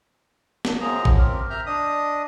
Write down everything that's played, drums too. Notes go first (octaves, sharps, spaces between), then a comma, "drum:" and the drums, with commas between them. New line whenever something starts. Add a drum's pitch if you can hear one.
drum: snare
F#2 F3 F#3 G#4 A#5
drum: kick A1
C4 G4 A#4
E5 A#5 F6 G6
D4 D#5 D#6